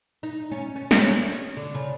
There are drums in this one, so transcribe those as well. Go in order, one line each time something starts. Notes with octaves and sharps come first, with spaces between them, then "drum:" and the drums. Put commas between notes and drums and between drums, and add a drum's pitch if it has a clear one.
D#4
C#4
C#4
drum: snare
C#5
D3
C#3